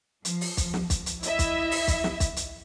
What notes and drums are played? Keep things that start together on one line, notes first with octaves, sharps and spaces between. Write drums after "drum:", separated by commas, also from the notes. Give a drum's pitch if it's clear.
F3, drum: hi-hat
drum: open hi-hat
drum: kick, hi-hat
drum: snare
drum: kick, hi-hat
drum: hi-hat
E4 D#5 E5, drum: hi-hat
drum: kick, hi-hat
drum: open hi-hat
drum: kick, hi-hat
drum: snare
drum: kick, hi-hat
drum: hi-hat